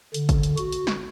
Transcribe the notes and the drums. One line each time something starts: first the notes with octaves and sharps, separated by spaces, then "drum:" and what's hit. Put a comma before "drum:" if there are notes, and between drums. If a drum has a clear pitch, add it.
D3, drum: hi-hat
drum: kick, hi-hat
drum: hi-hat
F#4, drum: hi-hat
drum: hi-hat
drum: snare